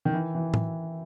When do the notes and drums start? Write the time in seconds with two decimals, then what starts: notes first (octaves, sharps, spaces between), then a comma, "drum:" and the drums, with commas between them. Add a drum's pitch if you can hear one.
0.05 D#3
0.14 E3
0.35 E3
0.54 drum: tom A2